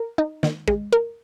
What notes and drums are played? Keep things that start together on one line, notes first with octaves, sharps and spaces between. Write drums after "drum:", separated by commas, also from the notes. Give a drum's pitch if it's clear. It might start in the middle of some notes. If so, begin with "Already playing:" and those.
Already playing: A#4
D#4
D#3, drum: snare
G#3, drum: kick
A#4